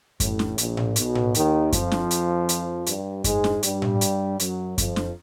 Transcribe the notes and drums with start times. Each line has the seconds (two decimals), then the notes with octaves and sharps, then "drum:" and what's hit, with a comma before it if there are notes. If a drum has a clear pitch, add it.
0.20 A1 A2, drum: kick F#2, hi-hat
0.39 drum: snare
0.58 A#1 A#2, drum: hi-hat
0.77 drum: tom A2
0.96 B1 B2, drum: hi-hat
1.15 drum: tom A2
1.34 D#2 D#3, drum: hi-hat
1.72 F2 F3, drum: kick F#2, hi-hat
1.92 drum: snare
2.11 drum: hi-hat
2.49 drum: hi-hat
2.86 G2 G3, drum: hi-hat
3.24 G#2 G#3, drum: kick F#2, hi-hat
3.44 drum: snare
3.63 G2 G3, drum: hi-hat
3.82 drum: tom A2
4.01 drum: hi-hat
4.40 F#2 F#3, drum: hi-hat
4.78 F2 F3, drum: kick F#2, hi-hat
4.96 drum: snare